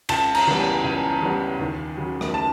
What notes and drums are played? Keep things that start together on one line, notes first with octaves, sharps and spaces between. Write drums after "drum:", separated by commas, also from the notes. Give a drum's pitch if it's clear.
C#2 A5, drum: cymbal
A#5, drum: cymbal
C#3 E3 G3 B3
G#5
C#2 G#5
C#3 E3 G3 B3
D#2
C#3 F#3
drum: rim click
A5